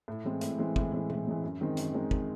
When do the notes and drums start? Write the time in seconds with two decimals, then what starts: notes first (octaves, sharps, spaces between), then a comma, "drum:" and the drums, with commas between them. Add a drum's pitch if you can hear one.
0.08 A2
0.24 E3 G#3 C4
0.41 A2, drum: hi-hat
0.58 E3 G#3 C4
0.76 A2, drum: kick
0.92 E3 G#3 C4
1.10 A2, drum: tom A#2
1.26 E3 G#3 C4
1.43 F#2
1.61 D#3 G#3 C4 D#4
1.77 F#2, drum: hi-hat
1.94 D#3 G#3 C4 D#4
2.11 drum: kick